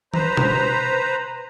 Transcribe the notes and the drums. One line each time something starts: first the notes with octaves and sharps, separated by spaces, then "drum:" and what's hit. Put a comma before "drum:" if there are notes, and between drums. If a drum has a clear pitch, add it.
B4 C5 A#5, drum: tom D#3
drum: tom B2